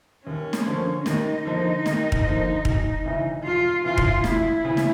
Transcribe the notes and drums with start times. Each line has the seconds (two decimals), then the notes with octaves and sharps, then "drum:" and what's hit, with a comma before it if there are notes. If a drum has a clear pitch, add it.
0.26 D#2 C#4
0.53 drum: snare
0.66 D3 F3 A#3
1.06 D#2 D#4, drum: snare
1.45 D3 F3 A#3
1.86 D#2, drum: snare
2.12 drum: kick
2.26 D3 F3 A#3
2.65 E1, drum: kick
3.05 D2 C#3 E3
3.44 E1 F4
3.84 D2 C#3 E3 F4
3.98 drum: kick
4.24 E1 E4, drum: snare
4.64 D2 C#3 E3
4.77 drum: snare